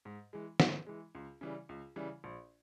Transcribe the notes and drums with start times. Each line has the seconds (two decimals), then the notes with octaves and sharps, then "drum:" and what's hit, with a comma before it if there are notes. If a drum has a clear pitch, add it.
0.05 G#2
0.33 E3 G#3
0.60 G#2, drum: snare
0.87 E3 G#3
1.15 C#2
1.41 C#3 E3 G3
1.69 C#2
1.96 C#3 E3 G3
2.24 A#1